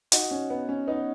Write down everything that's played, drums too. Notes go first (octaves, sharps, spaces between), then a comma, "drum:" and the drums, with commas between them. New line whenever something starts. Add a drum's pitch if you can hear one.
D#4 F#4, drum: hi-hat
C#4
B3
C#4
B3 D#4